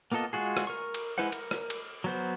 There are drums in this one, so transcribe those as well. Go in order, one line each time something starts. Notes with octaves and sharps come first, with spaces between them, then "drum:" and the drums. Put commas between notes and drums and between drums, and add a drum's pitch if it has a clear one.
A#3 B3 F4 A4 D#5
G#3 F4 F#4 G#4
drum: rim click
A#4 C#6
drum: cymbal
G#3 E4 B4 C5 F#5
A#4, drum: cymbal
drum: rim click
drum: cymbal
F#3 B3 C5